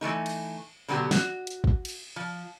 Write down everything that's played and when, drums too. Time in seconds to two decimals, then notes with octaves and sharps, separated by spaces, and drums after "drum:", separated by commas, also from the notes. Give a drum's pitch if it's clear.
0.01 E3 F3 A3 D#4
0.26 drum: cymbal
0.88 B2 D3 F#3 B3 G4
1.11 F#4, drum: snare
1.47 drum: hi-hat
1.64 drum: kick
1.85 drum: cymbal
2.16 F3